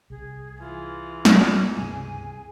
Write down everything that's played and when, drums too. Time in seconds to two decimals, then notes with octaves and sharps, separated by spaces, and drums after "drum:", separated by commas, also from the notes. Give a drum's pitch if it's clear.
0.10 C2 G#4
0.59 E3 F4 G#4
1.25 drum: snare
1.77 C#2 G2 C3 G#5